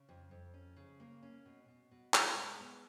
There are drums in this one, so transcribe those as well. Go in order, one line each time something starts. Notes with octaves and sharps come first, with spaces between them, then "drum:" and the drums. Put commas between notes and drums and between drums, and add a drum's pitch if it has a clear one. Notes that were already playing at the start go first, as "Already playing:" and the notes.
Already playing: C#3
F2
F2
C#4
C#3
A#3
C#4
B2
B2
B2
B2, drum: clap
G#3
B3